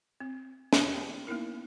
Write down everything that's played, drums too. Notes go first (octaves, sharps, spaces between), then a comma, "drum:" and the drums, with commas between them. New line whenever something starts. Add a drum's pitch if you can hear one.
C4
drum: snare
G4 G5
A#3 B3 D#4 E4 A#4